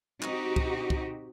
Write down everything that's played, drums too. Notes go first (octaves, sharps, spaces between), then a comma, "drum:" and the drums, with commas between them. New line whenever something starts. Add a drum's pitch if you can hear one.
C4 D#4 F#4 G4, drum: clap
drum: kick
drum: kick